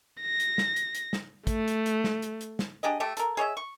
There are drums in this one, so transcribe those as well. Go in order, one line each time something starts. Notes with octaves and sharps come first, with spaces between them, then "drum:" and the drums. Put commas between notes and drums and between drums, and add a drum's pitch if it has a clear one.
A#6
drum: hi-hat
drum: snare
drum: hi-hat
drum: hi-hat
drum: snare
A3, drum: kick, hi-hat
drum: hi-hat
drum: hi-hat
drum: snare
drum: hi-hat
drum: hi-hat
drum: snare
D4 G4 G#4 D#5
A3 G4 A4
A4 A#4, drum: hi-hat
G#4 C#5 D#5 E5
C#6